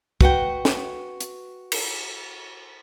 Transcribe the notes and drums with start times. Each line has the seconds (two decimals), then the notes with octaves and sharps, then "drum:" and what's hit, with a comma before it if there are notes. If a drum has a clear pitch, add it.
0.21 F#4 B4 F#5 G5, drum: kick
0.65 drum: snare
1.20 drum: hi-hat
1.72 drum: cymbal